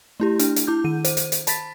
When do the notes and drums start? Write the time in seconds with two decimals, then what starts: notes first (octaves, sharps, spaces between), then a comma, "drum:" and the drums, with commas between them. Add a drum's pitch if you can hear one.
0.20 A3 E4 G4
0.39 D4, drum: hi-hat
0.56 drum: hi-hat
0.67 E4 D6 G6
0.84 D#3 D#7
1.05 C5, drum: hi-hat
1.17 drum: hi-hat
1.32 drum: hi-hat
1.47 A5 B5 A6 B6, drum: hi-hat